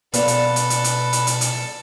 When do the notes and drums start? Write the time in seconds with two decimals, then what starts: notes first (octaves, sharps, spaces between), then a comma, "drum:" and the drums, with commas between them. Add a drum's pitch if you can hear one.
0.14 B2 B3 A4 B4 D5 F5, drum: hi-hat
0.28 drum: hi-hat
0.56 drum: hi-hat
0.70 drum: hi-hat
0.84 drum: hi-hat
1.13 drum: hi-hat
1.27 drum: hi-hat
1.41 drum: hi-hat